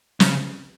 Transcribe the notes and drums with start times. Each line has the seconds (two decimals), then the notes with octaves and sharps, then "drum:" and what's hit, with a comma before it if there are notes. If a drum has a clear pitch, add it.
0.20 C#3, drum: snare